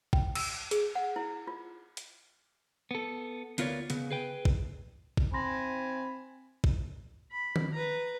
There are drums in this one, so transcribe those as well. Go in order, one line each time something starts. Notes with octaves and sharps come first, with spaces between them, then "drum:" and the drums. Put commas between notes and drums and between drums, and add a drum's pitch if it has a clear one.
G5, drum: kick
E6, drum: cymbal
G#4, drum: hi-hat
F#5
E4
F4
drum: hi-hat
B3 A4
D2 B3 F4 A#4 C#5 D5, drum: hi-hat
C#3 B3, drum: hi-hat
G#4 B4 G5
drum: kick
drum: kick
C4 G#5 B5 C6 A#6
drum: kick
B5
drum: tom D#3
B4 A#5